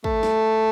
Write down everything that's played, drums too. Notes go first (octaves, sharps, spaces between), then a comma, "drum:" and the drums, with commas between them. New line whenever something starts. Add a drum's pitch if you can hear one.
A3, drum: kick
drum: snare